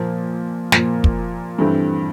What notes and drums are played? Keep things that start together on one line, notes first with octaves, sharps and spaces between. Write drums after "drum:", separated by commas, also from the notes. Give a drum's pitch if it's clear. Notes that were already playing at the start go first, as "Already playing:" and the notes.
Already playing: A#2 F3 A#3
A#2 F3 A#3, drum: snare
drum: kick
G2 E3 A3 C4